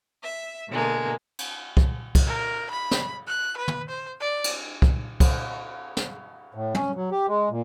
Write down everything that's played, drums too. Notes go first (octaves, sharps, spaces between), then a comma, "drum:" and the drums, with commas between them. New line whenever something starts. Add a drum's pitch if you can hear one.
E5
B2 D3 G#3 A#3
drum: cymbal
drum: kick
drum: kick, cymbal
A#4
B5
drum: snare
F#6
B4
drum: tom
C5
D5
drum: cymbal
drum: kick
drum: kick, cymbal
drum: snare
A2
C#4, drum: tom
F#3
G4
G#3
A#2